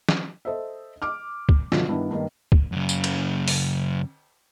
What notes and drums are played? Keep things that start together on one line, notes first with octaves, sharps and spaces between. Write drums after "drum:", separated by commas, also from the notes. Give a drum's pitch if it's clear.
drum: snare
A4 C5 D#5 E5
D6 F6
drum: kick
B2 D3 F3 F#3 F4, drum: snare
G2 D#3 B3 D4 E4
G2 D#3 A#3
drum: kick
F#2 C#3
drum: tambourine
drum: cymbal
drum: open hi-hat